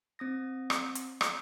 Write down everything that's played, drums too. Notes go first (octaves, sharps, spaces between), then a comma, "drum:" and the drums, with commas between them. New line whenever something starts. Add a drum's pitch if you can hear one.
C4 D#6 A#6
drum: rim click
drum: hi-hat
drum: rim click